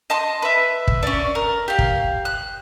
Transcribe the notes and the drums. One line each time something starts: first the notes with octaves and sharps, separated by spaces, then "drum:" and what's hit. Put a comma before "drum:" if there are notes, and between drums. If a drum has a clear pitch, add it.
D#5 A5 C6
B4 E5
drum: kick
C#4 D4
A#4
G4 F5
drum: kick
F#6